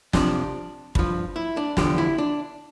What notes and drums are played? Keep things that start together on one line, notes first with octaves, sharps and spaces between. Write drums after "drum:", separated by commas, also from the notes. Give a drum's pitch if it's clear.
F2 C3 F3 D4, drum: snare
G2 F3, drum: kick
E4
D4
E2 D3 F3 G4, drum: snare
E4
D4